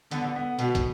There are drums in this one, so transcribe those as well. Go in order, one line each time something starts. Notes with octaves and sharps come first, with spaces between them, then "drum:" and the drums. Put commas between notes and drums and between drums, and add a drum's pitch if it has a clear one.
D3 B3, drum: hi-hat
B3
B2 B3, drum: hi-hat
drum: kick, hi-hat